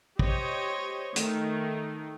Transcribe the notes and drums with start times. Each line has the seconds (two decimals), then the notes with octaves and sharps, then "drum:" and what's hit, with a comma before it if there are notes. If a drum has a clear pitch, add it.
0.19 G4 C5 C#5 D#5, drum: kick
1.16 D#3 A3, drum: hi-hat